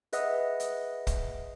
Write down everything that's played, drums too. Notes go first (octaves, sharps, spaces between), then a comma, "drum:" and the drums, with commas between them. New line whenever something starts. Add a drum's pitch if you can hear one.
G#4 B4 D#5 E5 F#5 D#6, drum: hi-hat
drum: hi-hat
drum: kick, hi-hat